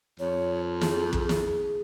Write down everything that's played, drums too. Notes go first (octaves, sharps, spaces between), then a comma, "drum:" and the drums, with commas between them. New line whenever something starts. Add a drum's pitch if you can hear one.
F2 C#5
G#4, drum: snare
drum: kick
drum: snare